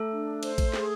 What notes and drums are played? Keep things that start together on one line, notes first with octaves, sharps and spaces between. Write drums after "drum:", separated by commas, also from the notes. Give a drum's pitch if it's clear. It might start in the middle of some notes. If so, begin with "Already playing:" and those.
Already playing: A3 A4
D4
C5, drum: cymbal
drum: kick A1, cymbal
G#4, drum: snare